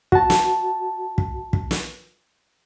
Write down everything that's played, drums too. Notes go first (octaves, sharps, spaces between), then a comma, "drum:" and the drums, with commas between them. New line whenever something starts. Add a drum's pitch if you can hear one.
F#4 A5, drum: kick
drum: snare
drum: kick
drum: kick
drum: snare